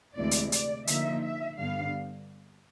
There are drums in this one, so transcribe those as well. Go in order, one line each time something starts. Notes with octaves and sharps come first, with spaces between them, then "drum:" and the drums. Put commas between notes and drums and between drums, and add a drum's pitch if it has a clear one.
D2 C3 E3 G#3 D5
drum: hi-hat
D5, drum: hi-hat
D3 F3 A#3 D#4 E5, drum: hi-hat
E5
G2 D3 G3 B3 D4 F5